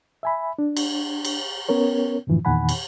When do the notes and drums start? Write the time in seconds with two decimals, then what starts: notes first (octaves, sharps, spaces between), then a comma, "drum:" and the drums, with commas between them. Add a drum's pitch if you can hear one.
0.23 E5 G#5 B5
0.59 D4
0.77 drum: cymbal
1.25 drum: cymbal
1.69 B3 C#4 A#4 C#5
2.27 F#2 A2 D3 E3 F3
2.45 E2 A#2 D#3 F#5 G#5 B5
2.69 drum: cymbal